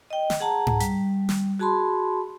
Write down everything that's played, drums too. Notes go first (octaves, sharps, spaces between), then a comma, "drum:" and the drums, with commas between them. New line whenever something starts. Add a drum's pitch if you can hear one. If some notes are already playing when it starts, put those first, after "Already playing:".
D#5 G5
drum: snare
G#4 F#5 A5 A#5
drum: tom G#2
G3, drum: hi-hat
drum: snare
F#4 G#4 A5 B5 C6